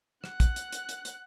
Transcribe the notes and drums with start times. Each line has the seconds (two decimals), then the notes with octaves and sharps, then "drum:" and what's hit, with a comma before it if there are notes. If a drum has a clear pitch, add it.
0.24 F#5 F#6, drum: rim click
0.40 drum: kick, hi-hat
0.56 drum: hi-hat
0.72 drum: hi-hat
0.89 drum: hi-hat
1.05 drum: hi-hat